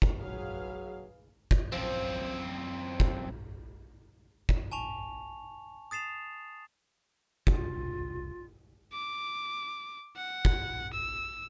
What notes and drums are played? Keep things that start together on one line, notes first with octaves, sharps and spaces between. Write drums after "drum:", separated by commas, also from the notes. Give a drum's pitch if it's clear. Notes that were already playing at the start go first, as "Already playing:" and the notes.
drum: kick
F#3 G#4 B4 F5
drum: kick
F#2 F3 C4
drum: kick
drum: kick
G#5 A5 C#6 F7
D#6 A6 C7 E7 F7
E1 C2 D4 F4, drum: kick
D6
F#5
drum: kick
E6